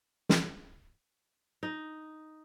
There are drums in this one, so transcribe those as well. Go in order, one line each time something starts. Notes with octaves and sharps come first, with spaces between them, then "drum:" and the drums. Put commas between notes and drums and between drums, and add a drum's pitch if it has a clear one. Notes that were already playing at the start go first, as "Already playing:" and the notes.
drum: snare
D#4